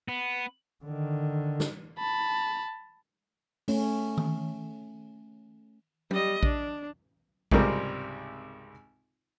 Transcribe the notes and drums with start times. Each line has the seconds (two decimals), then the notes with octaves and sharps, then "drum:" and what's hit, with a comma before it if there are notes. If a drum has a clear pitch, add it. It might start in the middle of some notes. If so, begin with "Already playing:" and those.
0.08 B3
0.85 D3 D#3
1.60 drum: snare
1.99 A5 B5
3.68 A3 C#4, drum: open hi-hat
4.17 drum: tom D#3
6.11 G3 D#5, drum: tom F#3
6.43 D4, drum: kick A#1
7.51 G#1 C#2 C3 G3 C4 A#4, drum: kick A#1